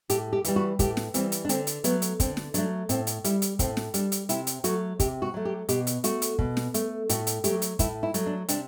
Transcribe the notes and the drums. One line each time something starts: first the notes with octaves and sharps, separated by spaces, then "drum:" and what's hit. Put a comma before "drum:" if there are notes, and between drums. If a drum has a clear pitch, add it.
A2 G4, drum: hi-hat
G4
E3 G3, drum: hi-hat
F#4
A2 G4, drum: kick, hi-hat
drum: snare
E3 G3 C4, drum: hi-hat
drum: hi-hat
D4
D3 C4, drum: hi-hat
drum: hi-hat
F#3 A3 B3, drum: hi-hat
drum: hi-hat
D3 C4, drum: kick, hi-hat
drum: snare
F#3 A3 D4, drum: hi-hat
A2 C4, drum: hi-hat
drum: hi-hat
G3 E4, drum: hi-hat
drum: hi-hat
A2 C4, drum: kick, hi-hat
drum: snare
G3 D4, drum: hi-hat
drum: hi-hat
C3 E4, drum: hi-hat
drum: hi-hat
F#3 A3 F#4, drum: hi-hat
C3 G4, drum: kick, hi-hat
F#4
F#3 A3
G4
B2 G4, drum: hi-hat
drum: hi-hat
A3 F#4, drum: hi-hat
drum: hi-hat
B2, drum: kick
drum: snare
A3, drum: hi-hat
A2 F#4, drum: hi-hat
drum: hi-hat
F#3 A3 G4, drum: hi-hat
drum: hi-hat
A2 E4, drum: kick, hi-hat
E4
F#3 A3, drum: hi-hat
D4
C3 D4, drum: hi-hat